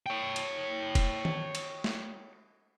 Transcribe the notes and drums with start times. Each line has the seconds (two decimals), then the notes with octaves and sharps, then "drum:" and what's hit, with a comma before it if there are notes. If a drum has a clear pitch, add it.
0.06 C#5 G5
0.36 drum: cymbal
0.95 drum: kick F1, cymbal
1.25 drum: tom D#3
1.55 drum: cymbal
1.84 drum: snare